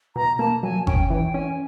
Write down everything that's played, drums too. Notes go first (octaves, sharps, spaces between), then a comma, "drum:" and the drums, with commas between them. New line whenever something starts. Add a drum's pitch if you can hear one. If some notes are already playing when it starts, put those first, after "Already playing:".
B2 A#5
A#3 A5
F#3 G#5
C#4 G5, drum: kick G1
E3 G5
C#4 G#5